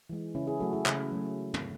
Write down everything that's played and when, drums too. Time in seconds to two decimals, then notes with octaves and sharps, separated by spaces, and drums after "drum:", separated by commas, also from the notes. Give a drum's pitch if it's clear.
0.10 E3 G#3
0.35 C#3 C#4 E4
0.47 E4 G#4
0.60 F#3 A3 F#4 A4
0.73 E4 G#4
0.86 C#3, drum: clap
1.11 F#3 A3
1.54 drum: tom